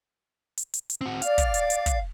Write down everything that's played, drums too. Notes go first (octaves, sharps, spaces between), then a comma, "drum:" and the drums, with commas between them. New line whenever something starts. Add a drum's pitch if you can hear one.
drum: hi-hat
drum: hi-hat
drum: hi-hat
C4 F#4
D5 F5, drum: hi-hat
drum: kick, hi-hat
drum: hi-hat
drum: hi-hat
drum: kick, hi-hat